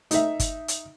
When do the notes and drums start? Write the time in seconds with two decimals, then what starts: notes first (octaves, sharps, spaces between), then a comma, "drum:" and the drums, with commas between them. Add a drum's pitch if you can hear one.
0.11 D#4 E5, drum: hi-hat
0.40 drum: kick G1, hi-hat
0.68 drum: hi-hat